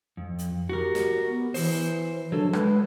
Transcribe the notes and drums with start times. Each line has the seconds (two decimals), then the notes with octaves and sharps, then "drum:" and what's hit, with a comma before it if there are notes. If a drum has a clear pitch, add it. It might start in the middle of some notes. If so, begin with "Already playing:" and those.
0.17 F2
0.39 drum: hi-hat
0.69 F#4 G4 A#4
0.95 drum: snare
1.27 B3
1.54 E3 C5, drum: open hi-hat
2.32 F#3 D4 A4
2.53 G#3 B4, drum: rim click